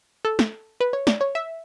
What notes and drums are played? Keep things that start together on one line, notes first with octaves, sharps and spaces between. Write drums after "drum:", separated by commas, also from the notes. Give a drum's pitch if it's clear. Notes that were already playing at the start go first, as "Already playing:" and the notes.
A4
drum: snare
B4
C#5
D5, drum: snare
C#5
E5